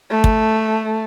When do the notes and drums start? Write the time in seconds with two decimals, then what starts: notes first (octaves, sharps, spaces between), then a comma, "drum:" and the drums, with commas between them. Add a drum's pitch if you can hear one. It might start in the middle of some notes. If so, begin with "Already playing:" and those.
0.11 A3
0.24 drum: kick